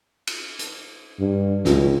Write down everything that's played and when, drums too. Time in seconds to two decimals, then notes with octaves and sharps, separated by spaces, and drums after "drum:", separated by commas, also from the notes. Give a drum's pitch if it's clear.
0.27 drum: cymbal
0.59 drum: hi-hat
1.19 G2
1.65 C#2, drum: snare